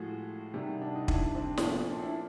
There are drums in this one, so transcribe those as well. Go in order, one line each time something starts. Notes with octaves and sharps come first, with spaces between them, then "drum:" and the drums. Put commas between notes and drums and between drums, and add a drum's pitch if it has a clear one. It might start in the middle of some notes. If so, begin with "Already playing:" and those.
Already playing: A2 F3 G#3 F#4 G#4
C3 D#3 G3
D4
D#4
D4 E4, drum: kick
C4 D4
D4, drum: snare
A#2 F3 A3 B3 C#4
C4 D4
D4 E4